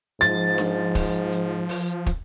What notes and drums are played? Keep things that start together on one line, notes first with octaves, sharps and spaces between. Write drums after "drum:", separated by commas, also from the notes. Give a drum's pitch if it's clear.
G#2 F3 A6, drum: hi-hat
drum: snare D4
drum: kick, open hi-hat
drum: hi-hat
drum: open hi-hat
drum: kick, hi-hat